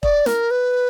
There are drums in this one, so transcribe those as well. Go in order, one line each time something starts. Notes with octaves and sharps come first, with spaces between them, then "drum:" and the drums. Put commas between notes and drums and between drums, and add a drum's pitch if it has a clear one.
D5, drum: kick E1
A#4, drum: snare
B4